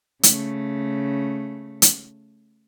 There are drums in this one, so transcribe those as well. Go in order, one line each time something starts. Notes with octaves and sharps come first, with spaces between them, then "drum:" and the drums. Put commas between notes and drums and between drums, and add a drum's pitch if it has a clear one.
C#3 A3, drum: hi-hat
drum: hi-hat